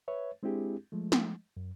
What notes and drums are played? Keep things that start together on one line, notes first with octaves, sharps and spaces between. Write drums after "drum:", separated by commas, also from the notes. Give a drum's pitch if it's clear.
B4 C#5 E5
G#3 C4 D4 E4 G4 G#4
F3 G#3 A3
drum: snare
F#2